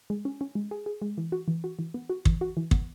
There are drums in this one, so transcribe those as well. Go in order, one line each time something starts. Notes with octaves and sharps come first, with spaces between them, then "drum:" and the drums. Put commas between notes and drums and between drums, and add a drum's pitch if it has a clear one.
G#3
C#4
C#4
G#3
G#4
G#4
G#3
E3
F#4
E3
F#4
E3
B3
F#4
E3, drum: kick
F#4
E3
B3, drum: kick